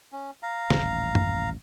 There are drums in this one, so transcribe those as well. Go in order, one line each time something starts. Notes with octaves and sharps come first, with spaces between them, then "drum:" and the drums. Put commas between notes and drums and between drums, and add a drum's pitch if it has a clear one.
C#4
F5 A#5
D#1 A1, drum: snare
drum: tom F#2